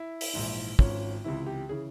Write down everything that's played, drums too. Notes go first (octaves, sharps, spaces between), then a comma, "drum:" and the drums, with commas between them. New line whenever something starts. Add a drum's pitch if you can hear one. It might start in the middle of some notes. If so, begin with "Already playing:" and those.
Already playing: E4
drum: open hi-hat
A#1 G#2 E3
G#1 G#2 F3 C#4, drum: kick
C#2 C3 E3 E4
G4
C#3 E3 G#4